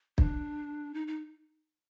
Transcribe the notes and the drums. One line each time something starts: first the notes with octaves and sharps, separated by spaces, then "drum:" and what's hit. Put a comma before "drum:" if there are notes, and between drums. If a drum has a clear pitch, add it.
D4, drum: kick
D#4
D#4